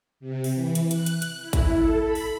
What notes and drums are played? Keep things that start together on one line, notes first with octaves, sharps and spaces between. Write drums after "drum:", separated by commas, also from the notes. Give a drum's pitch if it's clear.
C3
drum: open hi-hat
E3
drum: hi-hat
F#6, drum: hi-hat
drum: hi-hat
drum: hi-hat
E4
drum: kick, hi-hat
A4
B5
drum: open hi-hat